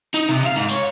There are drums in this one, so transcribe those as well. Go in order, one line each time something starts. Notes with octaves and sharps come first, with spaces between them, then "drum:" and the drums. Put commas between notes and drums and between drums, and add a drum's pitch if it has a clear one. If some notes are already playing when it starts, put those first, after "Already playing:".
D#4, drum: tambourine
C3
E5 F5
G#2
C#5, drum: tambourine